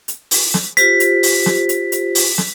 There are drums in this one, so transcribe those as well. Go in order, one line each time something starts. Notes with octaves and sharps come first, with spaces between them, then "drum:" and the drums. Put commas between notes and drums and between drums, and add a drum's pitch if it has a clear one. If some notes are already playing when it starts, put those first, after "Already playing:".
drum: hi-hat
drum: open hi-hat
drum: snare
F4 G4 C5 B6, drum: hi-hat
drum: hi-hat
drum: open hi-hat
drum: snare
drum: hi-hat
drum: hi-hat
drum: open hi-hat
drum: snare